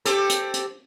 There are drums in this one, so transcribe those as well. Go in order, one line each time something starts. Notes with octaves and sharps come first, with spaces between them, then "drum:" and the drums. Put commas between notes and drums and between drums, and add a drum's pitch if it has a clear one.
C4 G4 A4, drum: hi-hat
drum: hi-hat
drum: hi-hat